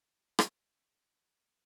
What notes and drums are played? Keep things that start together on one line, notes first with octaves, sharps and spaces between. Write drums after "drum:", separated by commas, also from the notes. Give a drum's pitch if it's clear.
drum: rim click
G#5 B5 F#6
D#3 G#3 C#4 F6
C4 F#4 D#5 E5
B4 F#5 E6 A#6